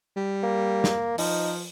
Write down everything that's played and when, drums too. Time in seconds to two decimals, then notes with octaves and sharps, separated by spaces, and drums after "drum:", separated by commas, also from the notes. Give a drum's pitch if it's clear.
0.16 G3
0.43 A#3
0.84 drum: snare
1.18 F3 D#4, drum: open hi-hat